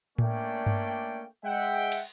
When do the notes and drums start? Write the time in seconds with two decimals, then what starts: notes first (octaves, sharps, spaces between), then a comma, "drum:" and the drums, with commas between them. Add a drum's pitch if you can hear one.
0.18 A3 A#3 C#4 D4 D5 G5, drum: tom A2
0.66 drum: tom G2
1.44 G#3 E5 F#5 G5
1.92 drum: cymbal